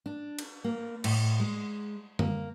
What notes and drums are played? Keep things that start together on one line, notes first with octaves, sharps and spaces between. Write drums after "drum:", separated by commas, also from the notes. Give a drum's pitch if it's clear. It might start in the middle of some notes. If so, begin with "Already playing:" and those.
D4
drum: cymbal
A#3
A2, drum: cymbal
G#3
A#3, drum: tom